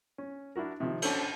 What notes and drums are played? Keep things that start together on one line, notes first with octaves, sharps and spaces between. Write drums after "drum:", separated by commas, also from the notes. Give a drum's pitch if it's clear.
C#4
D4 E4 F#4 A#4
C3 D#3 F3
C#4 D4 A4 C5, drum: cymbal